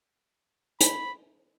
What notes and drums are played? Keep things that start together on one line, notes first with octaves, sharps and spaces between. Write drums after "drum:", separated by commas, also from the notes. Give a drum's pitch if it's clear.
B5, drum: hi-hat